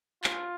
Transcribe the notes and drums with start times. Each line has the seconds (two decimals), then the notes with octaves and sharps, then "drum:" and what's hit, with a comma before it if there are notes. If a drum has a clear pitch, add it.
0.24 F4, drum: clap